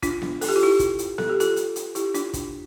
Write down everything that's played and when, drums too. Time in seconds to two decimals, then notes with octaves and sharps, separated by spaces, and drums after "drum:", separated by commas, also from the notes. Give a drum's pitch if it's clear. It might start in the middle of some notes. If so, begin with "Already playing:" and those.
0.03 D4 F4, drum: kick, hi-hat
0.22 drum: snare B3
0.41 A4, drum: open hi-hat
0.49 G4
0.56 F4
0.63 E4 G4
0.79 drum: kick, hi-hat
0.99 drum: hi-hat
1.18 A4, drum: snare B3
1.29 G4
1.40 F4 A4, drum: hi-hat
1.56 drum: hi-hat
1.76 drum: hi-hat
1.95 E4 G4, drum: hi-hat
2.14 D4 F4, drum: hi-hat
2.33 drum: kick, hi-hat